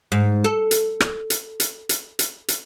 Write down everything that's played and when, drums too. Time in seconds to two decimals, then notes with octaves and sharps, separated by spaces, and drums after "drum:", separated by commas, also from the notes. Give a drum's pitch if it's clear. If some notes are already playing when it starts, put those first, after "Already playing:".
0.12 G#2
0.44 A4
0.71 drum: hi-hat
1.00 drum: rim click
1.30 drum: hi-hat
1.60 drum: hi-hat
1.89 drum: hi-hat
2.19 drum: hi-hat
2.48 drum: hi-hat